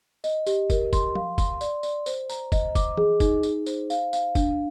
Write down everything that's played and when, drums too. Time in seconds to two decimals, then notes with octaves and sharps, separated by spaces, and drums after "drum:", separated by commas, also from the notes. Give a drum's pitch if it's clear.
0.24 D#5, drum: tambourine
0.46 G4, drum: tambourine
0.70 A#4, drum: kick, tambourine
0.93 C6, drum: kick, tambourine
1.15 F5, drum: tom F3
1.38 C6, drum: kick, tambourine
1.61 D5, drum: tambourine
1.83 D5, drum: tambourine
2.06 C5, drum: tambourine
2.30 A#5, drum: tambourine
2.52 D#5, drum: kick, tambourine
2.75 D6, drum: kick, tambourine
2.97 G#4, drum: tom E3
3.20 D#4, drum: kick, tambourine
3.43 D#4, drum: tambourine
3.66 C5, drum: tambourine
3.90 F5, drum: tambourine
4.13 F5, drum: tambourine
4.35 D4, drum: kick, tambourine